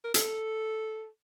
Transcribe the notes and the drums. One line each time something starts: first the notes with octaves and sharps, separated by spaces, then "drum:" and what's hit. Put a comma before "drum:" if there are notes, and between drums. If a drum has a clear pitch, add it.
A#4
A4, drum: hi-hat